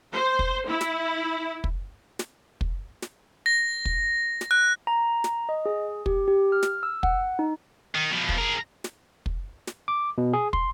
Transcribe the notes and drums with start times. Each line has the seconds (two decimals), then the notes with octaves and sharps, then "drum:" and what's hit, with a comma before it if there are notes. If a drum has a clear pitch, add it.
0.13 C5
0.39 drum: kick
0.67 E4
0.81 drum: snare
1.64 drum: kick
2.19 drum: snare
2.61 drum: kick
3.02 drum: snare
3.46 A#6
3.85 drum: kick
4.41 drum: snare
4.51 F#6
4.87 A#5
5.24 drum: snare
5.49 D#5
5.66 G#4
6.06 G4, drum: kick
6.28 G4
6.52 F6
6.63 drum: snare
6.83 E6
7.03 F#5, drum: kick
7.39 D#4
7.95 D#3
8.11 B2 F3
8.29 drum: kick
8.38 G#4 A#4
8.84 drum: snare
9.26 drum: kick
9.67 drum: snare
9.88 D6
10.18 B2
10.33 G#4
10.53 C6, drum: kick